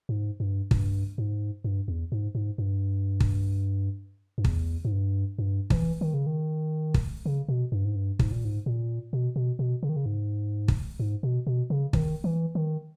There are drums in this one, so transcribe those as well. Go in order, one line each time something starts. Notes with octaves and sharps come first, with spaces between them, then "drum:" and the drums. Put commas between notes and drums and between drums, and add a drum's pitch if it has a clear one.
G#2
G2
G2, drum: kick
G#2
G2
E2
G#2
G#2
G2
drum: kick
G2
E2, drum: kick
G#2
G2
G2
E3, drum: kick
D#3
C#3
D#3
drum: kick
C#3
B2
G2
G#2
G2
G#2, drum: kick
A#2
G#2
A#2
B2
B2
B2
C#3
D#3
C#3
G#2
drum: kick
G#2
B2
B2
C#3
D#3, drum: kick
E3
D#3